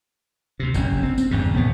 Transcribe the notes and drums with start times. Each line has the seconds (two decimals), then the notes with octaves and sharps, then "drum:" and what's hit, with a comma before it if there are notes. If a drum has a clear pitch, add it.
0.60 D2 C3
0.74 F#1 E2 C3 C#4, drum: kick A1, tambourine
1.03 C4
1.18 C4, drum: tambourine
1.31 G1 E2 G2 C#3
1.54 A#1 D#2 G#2 B3